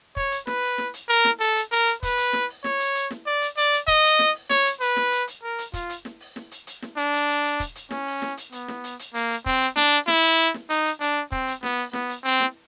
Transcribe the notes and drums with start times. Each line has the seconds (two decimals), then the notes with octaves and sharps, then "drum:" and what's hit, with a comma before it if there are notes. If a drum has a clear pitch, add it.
0.17 C#5, drum: kick
0.32 drum: hi-hat
0.47 B4, drum: snare
0.63 drum: open hi-hat
0.78 drum: snare
0.94 drum: hi-hat
1.09 A#4, drum: hi-hat
1.25 drum: snare
1.40 A4, drum: hi-hat
1.56 drum: hi-hat
1.72 A#4, drum: hi-hat
1.87 drum: hi-hat
2.03 B4, drum: kick, hi-hat
2.18 drum: hi-hat
2.33 drum: snare
2.49 drum: open hi-hat
2.64 C#5, drum: snare
2.80 drum: hi-hat
2.95 drum: hi-hat
3.11 drum: snare
3.26 D5
3.42 drum: hi-hat
3.57 D5, drum: hi-hat
3.73 drum: hi-hat
3.88 D#5, drum: kick, hi-hat
4.04 drum: hi-hat
4.19 drum: snare
4.35 drum: open hi-hat
4.50 C#5, drum: snare
4.65 drum: hi-hat
4.81 B4, drum: hi-hat
4.96 drum: snare
5.12 drum: hi-hat
5.27 drum: hi-hat
5.43 A#4
5.58 drum: hi-hat
5.73 F4, drum: kick, hi-hat
5.89 drum: hi-hat
6.05 drum: snare
6.20 drum: open hi-hat
6.36 drum: snare
6.51 drum: hi-hat
6.67 drum: hi-hat
6.82 drum: snare
6.97 D4, drum: hi-hat
7.13 drum: hi-hat
7.29 drum: hi-hat
7.44 drum: hi-hat
7.60 drum: kick, hi-hat
7.75 drum: hi-hat
7.91 C#4, drum: snare
8.06 drum: open hi-hat
8.22 drum: snare
8.37 drum: hi-hat
8.52 B3, drum: hi-hat
8.68 drum: snare
8.84 drum: hi-hat
8.99 drum: hi-hat
9.14 A#3, drum: hi-hat
9.30 drum: hi-hat
9.46 C4, drum: kick, hi-hat
9.61 drum: hi-hat
9.76 D4, drum: snare
9.92 drum: open hi-hat
10.07 E4, drum: snare
10.23 drum: hi-hat
10.39 drum: hi-hat
10.54 drum: snare
10.70 D#4, drum: hi-hat
10.85 drum: hi-hat
11.00 D4, drum: hi-hat
11.32 C4, drum: kick
11.47 drum: hi-hat
11.63 B3, drum: snare
11.78 drum: open hi-hat
11.93 B3, drum: snare
12.09 drum: hi-hat
12.24 C4, drum: hi-hat
12.40 drum: snare